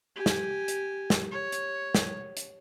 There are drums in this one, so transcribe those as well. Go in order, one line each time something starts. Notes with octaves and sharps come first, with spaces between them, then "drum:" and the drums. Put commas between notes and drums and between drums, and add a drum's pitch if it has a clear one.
G4 G#5
drum: snare
drum: hi-hat
drum: snare
C#5
drum: hi-hat
drum: snare
drum: hi-hat